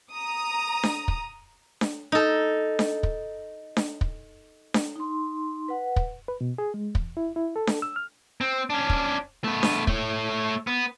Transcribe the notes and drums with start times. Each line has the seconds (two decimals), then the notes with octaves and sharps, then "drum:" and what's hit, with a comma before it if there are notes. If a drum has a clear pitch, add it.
0.14 A#5 D#6
0.83 drum: snare D4
1.08 drum: kick
1.81 drum: snare D4
2.12 D#4 A4
2.79 drum: snare D4
3.03 drum: kick
3.77 drum: snare D4
4.01 drum: kick
4.74 drum: snare D4
4.96 D#4 C6
5.68 B4 F#5
5.96 drum: kick
6.28 B4
6.41 B2
6.58 G#4
6.74 G#3
6.95 E2, drum: kick
7.17 E4
7.36 E4
7.56 A4
7.67 drum: snare D4
7.82 E6
7.96 F6
8.41 C4
8.70 C#4 D4
8.89 drum: kick
9.44 A3 B3
9.63 drum: snare D4
9.87 A3 C#5, drum: kick
10.67 B3